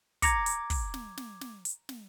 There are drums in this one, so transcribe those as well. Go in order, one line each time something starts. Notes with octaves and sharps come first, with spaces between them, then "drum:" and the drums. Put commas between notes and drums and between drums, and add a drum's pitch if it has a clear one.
A#5 D6 G#6 A#6 C#7, drum: kick, hi-hat
drum: hi-hat
drum: kick, open hi-hat
drum: snare
drum: snare
drum: snare
drum: hi-hat
drum: snare